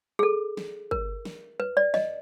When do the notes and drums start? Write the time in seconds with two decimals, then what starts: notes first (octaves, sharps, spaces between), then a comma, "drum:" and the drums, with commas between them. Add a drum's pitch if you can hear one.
0.19 G#4
0.23 A4
0.57 drum: snare
0.91 A#4, drum: kick
1.25 drum: snare
1.60 B4
1.77 D5
1.94 D#5, drum: snare